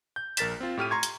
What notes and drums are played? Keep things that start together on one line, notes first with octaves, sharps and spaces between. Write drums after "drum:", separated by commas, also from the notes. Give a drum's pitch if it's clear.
G6
A#1 A#4 A6 B6 E7, drum: hi-hat
C4 F4
A2 G4 F6 D#7
A#5 C6 C#6 G#6
drum: hi-hat